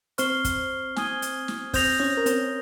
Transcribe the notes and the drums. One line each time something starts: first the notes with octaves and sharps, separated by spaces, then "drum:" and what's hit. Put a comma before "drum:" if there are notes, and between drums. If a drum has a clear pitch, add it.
C4 C5 C#6 F6 C7 G7, drum: hi-hat
drum: kick, hi-hat
G#5 D#6 G#6 D#7 G7, drum: snare
drum: hi-hat
drum: snare
C4 C5 D#6 G6 A#6 F7, drum: kick, open hi-hat
C#4 C#5
A#4
C4 C5, drum: hi-hat